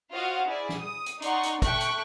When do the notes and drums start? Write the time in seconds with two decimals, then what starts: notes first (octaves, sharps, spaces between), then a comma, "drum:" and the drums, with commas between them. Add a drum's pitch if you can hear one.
0.11 F4 F#4 C5 D#5 F5 F#5
0.44 E4 G#4 D5
0.69 drum: snare
0.79 D#6
1.06 drum: hi-hat
1.22 D#4 D5 F#5 C6 C#6, drum: hi-hat
1.43 drum: hi-hat
1.62 A3 G5 C#6 F#6, drum: kick, hi-hat
1.81 drum: hi-hat